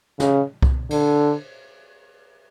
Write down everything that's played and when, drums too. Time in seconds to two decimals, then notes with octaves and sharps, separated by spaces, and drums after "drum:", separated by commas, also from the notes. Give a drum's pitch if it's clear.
0.20 C#3, drum: snare
0.62 drum: kick C2
0.91 D3, drum: cymbal